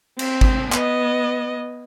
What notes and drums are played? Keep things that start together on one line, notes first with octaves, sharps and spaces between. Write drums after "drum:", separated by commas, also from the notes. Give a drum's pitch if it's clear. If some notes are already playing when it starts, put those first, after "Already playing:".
C4, drum: cymbal
drum: kick G#1
B3 D#5, drum: clap